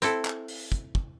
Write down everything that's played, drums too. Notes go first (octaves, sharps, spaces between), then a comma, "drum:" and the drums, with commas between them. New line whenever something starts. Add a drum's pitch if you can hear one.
C4 E4 A4, drum: hi-hat
drum: clap
drum: open hi-hat
drum: kick, hi-hat
drum: kick